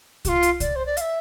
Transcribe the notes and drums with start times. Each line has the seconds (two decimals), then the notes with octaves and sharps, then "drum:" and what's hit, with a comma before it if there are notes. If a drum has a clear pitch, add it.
0.25 G4, drum: kick C2, hi-hat
0.28 F4
0.43 drum: hi-hat
0.60 D5, drum: kick C2, hi-hat
0.76 C5
0.86 D5
0.97 F5, drum: hi-hat
1.01 E5